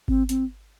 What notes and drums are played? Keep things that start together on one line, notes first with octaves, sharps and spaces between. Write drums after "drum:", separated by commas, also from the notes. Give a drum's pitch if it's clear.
C4, drum: kick G#1
C4, drum: hi-hat